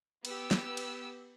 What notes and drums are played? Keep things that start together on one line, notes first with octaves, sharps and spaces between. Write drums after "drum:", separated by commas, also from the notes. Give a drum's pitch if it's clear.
B3 G4 E6, drum: cymbal
drum: snare
drum: cymbal